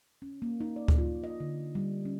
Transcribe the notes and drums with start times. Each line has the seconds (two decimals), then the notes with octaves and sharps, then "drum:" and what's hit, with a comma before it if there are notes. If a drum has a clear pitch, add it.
0.22 C#4
0.42 A#3
0.61 D#4
0.76 D5
0.88 drum: kick D2
0.98 F4
1.24 D#5
1.40 D3
1.75 G3
2.05 C#4